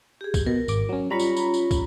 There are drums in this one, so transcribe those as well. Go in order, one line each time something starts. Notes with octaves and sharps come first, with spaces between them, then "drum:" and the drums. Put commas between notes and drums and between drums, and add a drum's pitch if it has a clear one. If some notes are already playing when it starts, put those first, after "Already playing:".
G4 G#4
drum: kick, tambourine
B2 A#4
G#1 D6, drum: tambourine
F#3 C#4
G3 C#4 F4 C#5 A#5 B5
drum: tambourine
drum: tambourine
drum: tambourine
drum: kick, tambourine